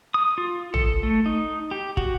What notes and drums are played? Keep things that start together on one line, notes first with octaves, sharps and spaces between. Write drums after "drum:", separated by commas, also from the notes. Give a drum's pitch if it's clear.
D#6
F4
A4, drum: tom
A3
D#4
G4
F#4, drum: kick